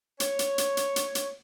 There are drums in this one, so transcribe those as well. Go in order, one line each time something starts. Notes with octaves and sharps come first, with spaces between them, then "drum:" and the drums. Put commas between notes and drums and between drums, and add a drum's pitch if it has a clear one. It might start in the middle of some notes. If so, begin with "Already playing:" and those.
C#5, drum: hi-hat
drum: hi-hat
drum: hi-hat
drum: hi-hat
drum: hi-hat
drum: hi-hat